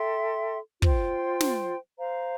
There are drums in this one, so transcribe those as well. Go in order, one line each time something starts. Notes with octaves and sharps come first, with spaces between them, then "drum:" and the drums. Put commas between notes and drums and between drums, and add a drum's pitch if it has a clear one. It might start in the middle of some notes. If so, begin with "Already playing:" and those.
Already playing: A4 E5 G5 C6
F4 C5 G5 C6, drum: kick
drum: snare
C5 F5 A#5